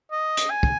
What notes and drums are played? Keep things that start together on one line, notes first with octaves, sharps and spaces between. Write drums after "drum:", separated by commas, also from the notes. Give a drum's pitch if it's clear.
D#5
drum: hi-hat
G#5
drum: kick